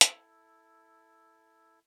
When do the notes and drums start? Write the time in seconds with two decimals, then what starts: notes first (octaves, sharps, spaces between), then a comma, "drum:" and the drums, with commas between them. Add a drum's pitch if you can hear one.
0.01 E4 A4, drum: hi-hat